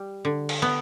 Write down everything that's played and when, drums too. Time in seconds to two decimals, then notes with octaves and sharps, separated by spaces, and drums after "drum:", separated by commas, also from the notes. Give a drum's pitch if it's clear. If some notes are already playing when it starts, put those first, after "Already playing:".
Already playing: G3
0.25 D3
0.49 drum: cymbal
0.62 B3